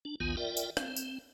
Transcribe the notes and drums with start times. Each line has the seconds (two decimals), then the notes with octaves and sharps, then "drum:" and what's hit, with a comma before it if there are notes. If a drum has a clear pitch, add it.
0.05 D4
0.20 A#1 D#2 D#3 B3 F4 G#5
0.37 F4 A#4 D5 E5 G5
0.57 drum: tambourine
0.77 C4, drum: rim click
0.96 drum: tambourine